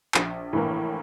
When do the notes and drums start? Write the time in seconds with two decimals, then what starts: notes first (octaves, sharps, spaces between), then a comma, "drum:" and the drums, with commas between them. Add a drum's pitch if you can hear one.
0.15 A#1, drum: clap
0.53 A2 E3 A#3